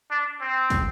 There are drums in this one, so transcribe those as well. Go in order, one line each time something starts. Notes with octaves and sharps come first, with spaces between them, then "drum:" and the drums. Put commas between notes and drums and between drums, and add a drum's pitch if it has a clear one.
D4
C4
drum: kick, open hi-hat